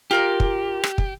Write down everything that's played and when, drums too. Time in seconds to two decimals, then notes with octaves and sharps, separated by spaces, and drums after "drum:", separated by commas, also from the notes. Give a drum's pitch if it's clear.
0.11 F4 G4 A#4 D5
0.40 drum: kick
0.84 drum: rim click
0.98 drum: kick